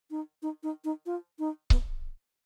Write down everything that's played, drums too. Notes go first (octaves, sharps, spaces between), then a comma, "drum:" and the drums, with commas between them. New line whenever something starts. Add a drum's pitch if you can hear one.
D#4
D#4
D#4
D#4
F4
D#4
B3, drum: kick C#1